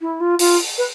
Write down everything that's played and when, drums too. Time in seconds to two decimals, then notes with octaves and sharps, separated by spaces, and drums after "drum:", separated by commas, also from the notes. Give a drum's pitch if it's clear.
0.01 E4
0.20 F4
0.39 F4, drum: open hi-hat
0.78 B4